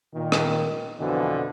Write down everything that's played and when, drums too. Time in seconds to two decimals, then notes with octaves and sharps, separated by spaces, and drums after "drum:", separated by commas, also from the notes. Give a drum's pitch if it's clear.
0.14 A#2 D#3
0.32 drum: rim click
1.00 F2 B2 D3 E3 F3